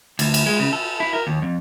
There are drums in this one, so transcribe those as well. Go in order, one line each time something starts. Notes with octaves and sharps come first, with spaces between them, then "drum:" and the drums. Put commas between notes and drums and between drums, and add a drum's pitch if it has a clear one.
D2, drum: cymbal
drum: cymbal
G#3
C#3
A4
E4
A#4
D#2
F2